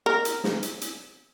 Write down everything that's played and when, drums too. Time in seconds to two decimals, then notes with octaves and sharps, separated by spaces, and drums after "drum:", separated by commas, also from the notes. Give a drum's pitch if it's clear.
0.06 A#4
0.25 drum: hi-hat
0.44 drum: snare
0.63 drum: hi-hat
0.81 drum: hi-hat